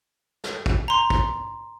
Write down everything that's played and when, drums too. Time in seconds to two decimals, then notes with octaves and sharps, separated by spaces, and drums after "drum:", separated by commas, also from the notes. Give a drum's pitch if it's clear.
0.44 drum: snare
0.66 drum: kick
0.88 A#5 C6
1.10 drum: kick